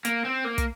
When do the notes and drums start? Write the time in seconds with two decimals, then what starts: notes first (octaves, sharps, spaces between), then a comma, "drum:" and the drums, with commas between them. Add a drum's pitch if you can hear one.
0.05 A#3, drum: hi-hat
0.25 C4
0.45 A#3
0.58 drum: kick, hi-hat